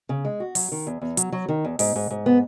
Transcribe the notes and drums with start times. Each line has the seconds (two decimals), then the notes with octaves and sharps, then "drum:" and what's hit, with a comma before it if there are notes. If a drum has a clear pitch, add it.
0.09 C#3
0.25 G#3
0.40 F#4
0.55 F#3, drum: open hi-hat
0.72 D#3
0.87 E2
1.01 E2
1.17 F#3, drum: hi-hat
1.32 F#3
1.49 D#3
1.65 E2
1.79 G#2, drum: open hi-hat
1.95 G#2
2.10 G#2
2.26 B3